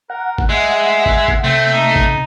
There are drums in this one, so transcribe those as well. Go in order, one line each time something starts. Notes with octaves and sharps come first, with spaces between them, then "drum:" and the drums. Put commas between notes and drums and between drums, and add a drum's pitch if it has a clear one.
A#4 F#5
drum: kick
G#3 E5
drum: kick
drum: kick
C3 A3 C4
D#4
drum: kick